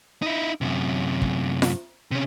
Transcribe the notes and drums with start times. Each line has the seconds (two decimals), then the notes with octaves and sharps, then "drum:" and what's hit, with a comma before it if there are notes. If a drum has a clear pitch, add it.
0.22 D#4 E4
0.61 F#2 C3
1.22 drum: kick
1.62 drum: snare F4
2.11 C3 C#4